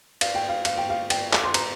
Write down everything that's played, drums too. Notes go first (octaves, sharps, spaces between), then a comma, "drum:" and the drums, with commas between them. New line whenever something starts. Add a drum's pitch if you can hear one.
F5, drum: cymbal
G5
F5
F5, drum: cymbal
G5
F5
G5, drum: cymbal
D6, drum: clap
C6
A#5, drum: cymbal